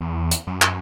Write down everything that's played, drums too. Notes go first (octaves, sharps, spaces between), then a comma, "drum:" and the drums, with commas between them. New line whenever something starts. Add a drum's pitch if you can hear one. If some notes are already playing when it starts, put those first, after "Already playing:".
E2
drum: hi-hat
F#2
drum: clap